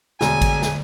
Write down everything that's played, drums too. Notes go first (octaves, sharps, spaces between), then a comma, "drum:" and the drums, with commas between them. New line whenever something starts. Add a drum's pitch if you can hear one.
E1 D2 G#5, drum: snare
drum: kick G#1, cymbal
drum: snare